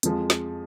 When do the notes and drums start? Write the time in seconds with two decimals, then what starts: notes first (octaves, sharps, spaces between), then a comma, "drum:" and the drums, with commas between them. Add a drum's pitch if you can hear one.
0.03 F2 F3 G#3, drum: hi-hat
0.30 drum: snare